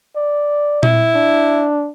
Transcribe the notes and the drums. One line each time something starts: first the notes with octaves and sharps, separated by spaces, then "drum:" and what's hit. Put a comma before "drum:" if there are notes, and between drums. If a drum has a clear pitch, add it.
D5
E4, drum: tom A#2
D4